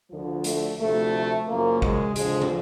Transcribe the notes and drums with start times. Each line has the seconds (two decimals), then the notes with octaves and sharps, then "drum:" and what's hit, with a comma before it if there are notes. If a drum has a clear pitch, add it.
0.10 D2 D3 F3
0.44 A3, drum: hi-hat
0.79 D2 C3 F3 A3
1.47 F#2 C#3 F3 A#3
1.82 G#3, drum: kick A1
2.16 F2 D3 F3 G#3, drum: hi-hat
2.42 drum: tom